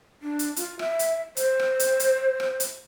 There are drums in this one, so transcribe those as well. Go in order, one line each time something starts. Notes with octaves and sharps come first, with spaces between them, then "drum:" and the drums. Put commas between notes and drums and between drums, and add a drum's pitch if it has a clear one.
D4
drum: hi-hat
F4, drum: hi-hat
E5, drum: rim click
drum: hi-hat
C5, drum: hi-hat
drum: rim click
drum: hi-hat
drum: hi-hat
drum: rim click
drum: hi-hat